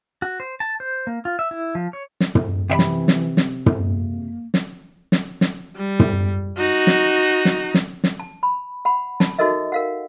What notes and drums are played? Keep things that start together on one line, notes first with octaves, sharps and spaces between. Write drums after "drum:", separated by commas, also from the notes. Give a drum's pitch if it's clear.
F#4
C5
A5
C5
A#3
F4
E5
E4
F3
C#5
drum: snare
drum: tom
C3 E3 E5 B5
drum: snare
drum: snare
drum: snare
drum: tom
A#3
drum: snare
drum: snare
drum: snare
G3
drum: tom
D#4 F#4
drum: snare
drum: snare
drum: snare
drum: snare
A5
B5
F#5 B5
A5, drum: snare
D#4 F#4 A4 A#4 D#5 E5
A#4 F5 F#5